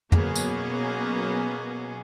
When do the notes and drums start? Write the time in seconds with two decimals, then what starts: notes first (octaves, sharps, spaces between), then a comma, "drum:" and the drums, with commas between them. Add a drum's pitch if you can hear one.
0.12 B2 F#3 A#3 B3 C#4 G#4, drum: tom
0.35 drum: tambourine